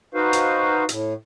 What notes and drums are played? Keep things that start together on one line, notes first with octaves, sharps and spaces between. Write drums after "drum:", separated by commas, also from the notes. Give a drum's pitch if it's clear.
D#4 F#4 B4 C5 F5
drum: hi-hat
A2, drum: hi-hat